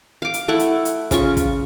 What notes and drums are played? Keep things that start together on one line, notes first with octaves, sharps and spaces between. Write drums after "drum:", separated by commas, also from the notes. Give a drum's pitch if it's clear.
F5 D6
drum: hi-hat
A3 E4 F#5
drum: hi-hat
drum: hi-hat
C#3 C#4 F4 C#6, drum: kick, hi-hat
drum: kick, hi-hat